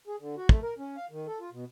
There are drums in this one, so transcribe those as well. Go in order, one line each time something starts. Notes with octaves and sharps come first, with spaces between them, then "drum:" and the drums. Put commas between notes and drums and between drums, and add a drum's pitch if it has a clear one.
G#4
D3
F#4
A3, drum: kick
A#4
C#4
F5
D#3
A4
F4
B2